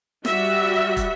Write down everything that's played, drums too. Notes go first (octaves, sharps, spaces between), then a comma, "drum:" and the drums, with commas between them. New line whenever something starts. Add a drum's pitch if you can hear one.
G3 F#4 E5, drum: snare
drum: kick, hi-hat